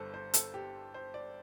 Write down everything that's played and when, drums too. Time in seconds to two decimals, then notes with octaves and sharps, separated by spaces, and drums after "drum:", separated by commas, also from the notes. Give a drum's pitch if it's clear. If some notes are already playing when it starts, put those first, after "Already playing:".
Already playing: G1 G2 A4 C5
0.14 C5
0.34 A4, drum: hi-hat
0.54 G4
0.94 C5
1.14 D5